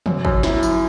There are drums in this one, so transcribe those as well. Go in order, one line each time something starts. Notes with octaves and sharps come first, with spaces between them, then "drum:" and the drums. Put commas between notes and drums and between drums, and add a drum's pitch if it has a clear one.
F#2, drum: tom
F#2, drum: kick
E4, drum: snare
E4, drum: tambourine